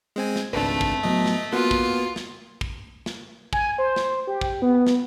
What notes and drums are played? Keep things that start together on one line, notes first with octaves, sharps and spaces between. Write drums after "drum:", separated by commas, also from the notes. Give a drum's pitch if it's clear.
G#3 C4 G#5
drum: snare
G#1 C#2 A3 C4 D4 B4
drum: kick
A2 F#3 B3 D#5
drum: snare
A#3 B3 F4 F#4
drum: kick
drum: snare
drum: kick
drum: snare
G#5, drum: kick
C5
drum: snare
G4
drum: kick
B3
drum: snare